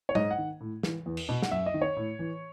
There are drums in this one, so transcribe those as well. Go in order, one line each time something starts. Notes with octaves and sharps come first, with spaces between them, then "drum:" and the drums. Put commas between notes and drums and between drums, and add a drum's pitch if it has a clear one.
C#5
G#2 D#5, drum: tom
F#5
D#3
A2
E3, drum: snare
E2
drum: cymbal
B2
F#5, drum: snare
F#2 E5
D#5
D#3
C#5
A2
E3